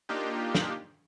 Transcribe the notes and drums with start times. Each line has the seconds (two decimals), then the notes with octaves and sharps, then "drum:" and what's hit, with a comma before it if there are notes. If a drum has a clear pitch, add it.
0.09 A#3 D4 D#4 F4 G4
0.55 drum: snare